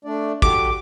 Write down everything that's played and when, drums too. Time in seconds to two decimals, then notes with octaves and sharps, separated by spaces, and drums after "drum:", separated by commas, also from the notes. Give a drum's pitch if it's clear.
0.05 A3 D4 D5
0.42 F#4 G4 A4 D6, drum: kick